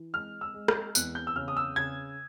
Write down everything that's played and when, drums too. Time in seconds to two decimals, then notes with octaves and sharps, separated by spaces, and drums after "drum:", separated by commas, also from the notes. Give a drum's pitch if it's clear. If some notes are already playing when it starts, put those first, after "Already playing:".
Already playing: E3
0.13 G#3 F6
0.41 E6
0.54 G#3
0.68 F6, drum: rim click
0.95 E2 F#6, drum: tambourine
1.15 G6
1.27 E6
1.36 C#3 F6
1.48 D#6
1.57 E6
1.76 C#3 G#6